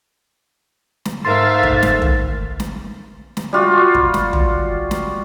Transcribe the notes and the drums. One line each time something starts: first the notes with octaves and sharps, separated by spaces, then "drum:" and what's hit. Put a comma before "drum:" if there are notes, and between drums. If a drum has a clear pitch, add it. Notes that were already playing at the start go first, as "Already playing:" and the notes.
drum: snare
G#2 A3 A#4 E5 F5 C6 A6
drum: kick
drum: snare
drum: tom
drum: snare
drum: snare
G3 F4 F#4
drum: kick
drum: snare
drum: tom
drum: snare